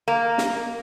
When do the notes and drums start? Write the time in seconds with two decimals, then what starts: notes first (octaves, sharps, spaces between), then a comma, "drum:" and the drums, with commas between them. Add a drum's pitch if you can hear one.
0.08 A#3
0.38 drum: snare